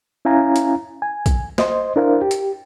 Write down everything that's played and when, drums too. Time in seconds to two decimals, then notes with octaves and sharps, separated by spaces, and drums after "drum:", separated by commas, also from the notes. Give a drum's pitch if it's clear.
0.25 C#4 E4 F5 G#5 A#5
0.56 drum: hi-hat
1.02 G#5
1.26 drum: kick A#1, hi-hat
1.58 C5 D#5 C6, drum: snare
1.96 D4 E4 A#4 C5 F5
2.21 G4
2.31 drum: hi-hat